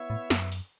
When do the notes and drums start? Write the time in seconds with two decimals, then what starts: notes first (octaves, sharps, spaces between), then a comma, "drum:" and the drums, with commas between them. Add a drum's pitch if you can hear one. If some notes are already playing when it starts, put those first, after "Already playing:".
Already playing: B3 E4 C#5 E5
0.10 A2
0.30 F#2, drum: snare
0.52 drum: open hi-hat